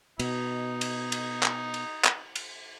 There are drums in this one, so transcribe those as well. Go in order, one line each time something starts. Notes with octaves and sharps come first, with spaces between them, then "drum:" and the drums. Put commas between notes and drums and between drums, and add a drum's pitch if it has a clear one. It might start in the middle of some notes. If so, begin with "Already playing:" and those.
B2 D#4, drum: cymbal
drum: cymbal
drum: cymbal
drum: clap
drum: cymbal
drum: clap
drum: cymbal